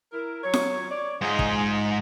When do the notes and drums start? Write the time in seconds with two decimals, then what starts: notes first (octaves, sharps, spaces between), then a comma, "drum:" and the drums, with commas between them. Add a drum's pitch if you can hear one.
0.13 E4 A#4
0.44 F#3 C#5
0.54 drum: snare F4
0.91 C#5 D5
1.21 G#2 D#4 F4 G#4
1.39 drum: kick